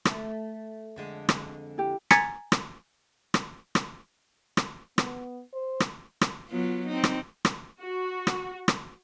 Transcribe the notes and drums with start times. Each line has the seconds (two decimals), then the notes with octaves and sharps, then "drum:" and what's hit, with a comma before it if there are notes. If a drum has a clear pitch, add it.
0.05 A3, drum: rim click
0.96 F2 D3 G#3
1.29 drum: rim click
1.78 E4 G4
2.11 G#5 A#5 G#6 A6 B6 C#7, drum: rim click
2.52 drum: rim click
3.34 drum: rim click
3.75 drum: rim click
4.57 drum: rim click
4.98 B3, drum: rim click
5.53 C5
5.80 drum: rim click
6.21 drum: rim click
6.49 F#3 B3 F4
6.88 C4 D#4
7.04 drum: rim click
7.45 drum: rim click
7.81 F#4
8.27 drum: rim click
8.68 drum: rim click